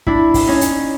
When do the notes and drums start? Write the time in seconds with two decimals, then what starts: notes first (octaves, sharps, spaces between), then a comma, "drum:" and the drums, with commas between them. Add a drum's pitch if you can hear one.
0.07 D4 E4, drum: kick
0.34 drum: kick, open hi-hat
0.48 C#4 D#4
0.61 drum: hi-hat